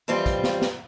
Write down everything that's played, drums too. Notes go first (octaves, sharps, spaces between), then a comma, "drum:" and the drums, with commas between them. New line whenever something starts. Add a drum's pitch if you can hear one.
F2 E3 G3 C4 F4
drum: kick, hi-hat
drum: snare
drum: snare